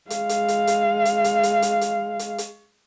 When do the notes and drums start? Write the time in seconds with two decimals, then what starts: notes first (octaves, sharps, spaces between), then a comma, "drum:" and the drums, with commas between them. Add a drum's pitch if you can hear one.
0.10 G#3 F5, drum: hi-hat
0.29 drum: hi-hat
0.48 drum: hi-hat
0.67 drum: hi-hat
1.05 drum: hi-hat
1.24 drum: hi-hat
1.43 drum: hi-hat
1.62 drum: hi-hat
1.81 drum: hi-hat
2.19 drum: hi-hat
2.38 drum: hi-hat